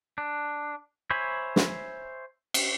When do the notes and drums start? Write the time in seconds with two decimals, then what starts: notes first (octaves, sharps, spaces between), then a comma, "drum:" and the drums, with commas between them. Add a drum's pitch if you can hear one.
0.18 D4
1.10 C5 C#5 E5 G#5 B5
1.56 drum: snare
2.54 drum: cymbal